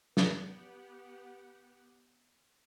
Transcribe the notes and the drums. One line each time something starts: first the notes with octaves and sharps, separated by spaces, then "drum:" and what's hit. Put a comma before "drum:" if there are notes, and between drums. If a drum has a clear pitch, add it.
B3 G4 F#5, drum: snare